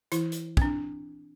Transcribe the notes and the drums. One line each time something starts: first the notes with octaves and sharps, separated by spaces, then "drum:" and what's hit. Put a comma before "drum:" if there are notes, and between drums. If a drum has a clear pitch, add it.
E3 E4, drum: hi-hat
drum: hi-hat
C4 D4, drum: kick